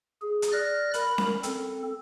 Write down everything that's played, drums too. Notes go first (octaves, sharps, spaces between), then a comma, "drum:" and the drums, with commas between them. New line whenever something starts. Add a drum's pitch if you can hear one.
G#4
drum: hi-hat
D5 F6 F#6 A#6
A#4 B5, drum: hi-hat
drum: snare C#4
C4 A4, drum: hi-hat